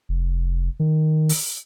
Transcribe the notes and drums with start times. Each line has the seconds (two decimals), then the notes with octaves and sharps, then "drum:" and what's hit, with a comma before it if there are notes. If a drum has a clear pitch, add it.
0.09 F1
0.80 D#3
1.29 drum: open hi-hat